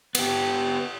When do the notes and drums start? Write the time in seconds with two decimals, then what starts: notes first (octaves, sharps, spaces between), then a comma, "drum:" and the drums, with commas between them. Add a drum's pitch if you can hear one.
0.15 B3 G4, drum: cymbal